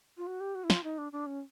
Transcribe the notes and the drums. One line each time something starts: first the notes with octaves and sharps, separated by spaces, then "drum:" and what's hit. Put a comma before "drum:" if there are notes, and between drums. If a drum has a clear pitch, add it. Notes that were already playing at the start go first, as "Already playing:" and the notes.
F4
F#4
G4
F#4
E4
F4, drum: snare
D#4
D4
D4
C#4